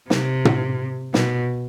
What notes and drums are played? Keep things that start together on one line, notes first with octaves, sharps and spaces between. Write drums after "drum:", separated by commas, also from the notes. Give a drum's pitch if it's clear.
C3, drum: snare
drum: tom
B2, drum: snare